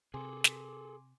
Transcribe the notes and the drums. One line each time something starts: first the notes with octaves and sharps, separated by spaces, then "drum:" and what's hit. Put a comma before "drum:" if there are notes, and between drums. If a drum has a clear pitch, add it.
C3 G#4 A4 G#5 C6 D6
drum: snare